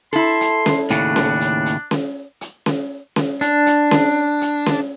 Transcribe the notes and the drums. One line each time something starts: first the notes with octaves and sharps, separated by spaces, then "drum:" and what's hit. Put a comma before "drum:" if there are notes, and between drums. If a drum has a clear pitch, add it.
E4 A4 C6
drum: hi-hat
drum: snare C#4
D#2 A2 C#3 D4, drum: hi-hat
drum: snare C#4
drum: hi-hat
drum: hi-hat
drum: snare C#4
drum: hi-hat
drum: snare C#4
drum: snare C#4
D4, drum: hi-hat
drum: hi-hat
drum: snare C#4
drum: hi-hat
drum: snare C#4